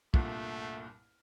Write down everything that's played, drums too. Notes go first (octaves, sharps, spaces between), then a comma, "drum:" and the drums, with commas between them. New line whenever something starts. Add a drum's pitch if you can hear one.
C2 G2 A#2 A3, drum: kick